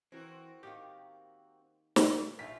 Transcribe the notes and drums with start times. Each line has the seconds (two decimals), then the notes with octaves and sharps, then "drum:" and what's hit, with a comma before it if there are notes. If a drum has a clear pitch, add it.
0.12 E3 C4 F#4 A#4
0.63 D#3 A#3 D#4 G4
1.96 A#2 D#3 A3 C#5, drum: snare
2.39 A#1 A3 F4 G4 B6